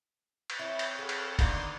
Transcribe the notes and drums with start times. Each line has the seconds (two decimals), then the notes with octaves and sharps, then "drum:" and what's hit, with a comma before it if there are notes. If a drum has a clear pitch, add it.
0.50 drum: cymbal
0.59 C4 E4 C#5 B5
0.79 drum: cymbal
0.99 G#4 A4 F5 F#5
1.09 drum: cymbal
1.39 D3 D#3 A#3 B3 D#4 D5 C6, drum: kick, cymbal